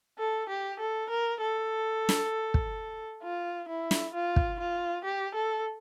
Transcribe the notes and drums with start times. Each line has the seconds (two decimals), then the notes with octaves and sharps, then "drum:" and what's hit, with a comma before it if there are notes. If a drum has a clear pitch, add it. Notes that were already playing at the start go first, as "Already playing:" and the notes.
0.19 A4
0.49 G4
0.80 A4
1.10 A#4
1.41 A4
2.09 drum: snare
2.54 drum: kick
3.23 F4
3.68 E4
3.91 drum: snare
4.14 F4
4.36 drum: kick
4.59 F4
5.04 G4
5.35 A4